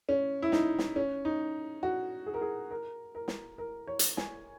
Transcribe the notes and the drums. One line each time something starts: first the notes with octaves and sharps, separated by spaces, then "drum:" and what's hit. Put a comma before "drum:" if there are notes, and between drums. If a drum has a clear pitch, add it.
C#4
E4
D#4, drum: snare
drum: snare
C#4
D#4
F#4
G#4
A#4
G#4
A#4
A#4
drum: snare
A#4
C#5
drum: hi-hat
G#5, drum: snare